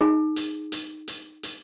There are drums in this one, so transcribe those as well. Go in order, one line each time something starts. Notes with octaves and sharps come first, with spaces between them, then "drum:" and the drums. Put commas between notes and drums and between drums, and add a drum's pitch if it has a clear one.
D#4 G#4
drum: hi-hat
drum: hi-hat
drum: hi-hat
drum: hi-hat